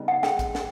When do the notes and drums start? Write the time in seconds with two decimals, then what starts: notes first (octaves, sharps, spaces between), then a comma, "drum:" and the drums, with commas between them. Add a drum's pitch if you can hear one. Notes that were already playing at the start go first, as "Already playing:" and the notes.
Already playing: C#3 G3 B3 D#4
0.08 F#5
0.23 G#3 G5, drum: snare
0.39 drum: kick A#1, hi-hat
0.55 drum: snare